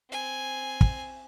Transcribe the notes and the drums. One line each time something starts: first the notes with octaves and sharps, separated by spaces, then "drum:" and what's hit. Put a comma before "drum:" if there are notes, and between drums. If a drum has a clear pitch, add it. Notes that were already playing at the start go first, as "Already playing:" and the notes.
C4 G#5
drum: kick